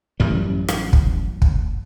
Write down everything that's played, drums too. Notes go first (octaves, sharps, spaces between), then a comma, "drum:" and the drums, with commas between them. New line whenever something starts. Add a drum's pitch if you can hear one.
A1 F#2 G3
drum: rim click
drum: kick
drum: kick